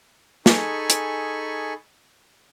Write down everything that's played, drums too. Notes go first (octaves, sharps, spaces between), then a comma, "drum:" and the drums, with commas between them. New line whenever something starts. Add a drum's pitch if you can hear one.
D#4 G#4 A4 G#5 B5 C#6, drum: snare
drum: hi-hat